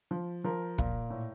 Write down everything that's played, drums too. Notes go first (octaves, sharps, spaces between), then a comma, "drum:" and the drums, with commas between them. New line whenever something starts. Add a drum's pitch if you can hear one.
F3
F3 A#4
A#2, drum: kick
A2